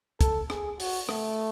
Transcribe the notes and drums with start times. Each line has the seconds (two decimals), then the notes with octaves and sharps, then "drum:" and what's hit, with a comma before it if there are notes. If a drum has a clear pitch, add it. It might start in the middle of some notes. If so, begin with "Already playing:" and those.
0.21 A4, drum: kick, hi-hat
0.50 G#4, drum: rim click
0.80 F#4, drum: open hi-hat
1.09 A3, drum: rim click